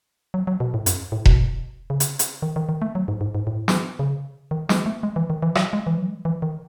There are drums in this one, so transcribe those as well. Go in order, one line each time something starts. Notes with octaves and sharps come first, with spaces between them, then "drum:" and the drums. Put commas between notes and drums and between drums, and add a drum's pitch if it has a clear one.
F#3
F#3
B2
A2
F#2, drum: hi-hat
A2
B2, drum: kick E1
C#3
drum: hi-hat
drum: hi-hat
D#3
D#3
D#3
A3
F#3
G#2
G#2
G#2
A2
drum: snare
C#3
D#3
G#3, drum: snare
A3
G#3
E3
D#3
E3
F#3, drum: rim click
G#3
E3
F#3
G#3
E3
D#3